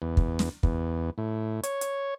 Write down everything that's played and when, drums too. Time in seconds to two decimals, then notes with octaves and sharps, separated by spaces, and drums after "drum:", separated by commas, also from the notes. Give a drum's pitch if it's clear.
0.02 E2
0.17 drum: kick
0.39 drum: snare
0.63 E2, drum: kick
1.18 A2
1.63 C#5, drum: hi-hat
1.81 drum: hi-hat